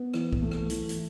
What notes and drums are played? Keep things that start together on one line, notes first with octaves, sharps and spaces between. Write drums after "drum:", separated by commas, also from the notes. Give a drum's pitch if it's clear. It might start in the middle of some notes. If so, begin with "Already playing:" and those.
Already playing: B3
E3, drum: rim click
drum: kick B1
A3
drum: rim click
E3, drum: hi-hat
drum: hi-hat